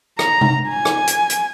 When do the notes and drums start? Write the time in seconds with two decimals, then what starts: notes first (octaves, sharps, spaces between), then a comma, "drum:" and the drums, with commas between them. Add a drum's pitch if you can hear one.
0.19 A#5, drum: rim click
0.41 drum: tom C3
0.68 G#5
0.85 drum: rim click
1.07 drum: hi-hat
1.30 drum: hi-hat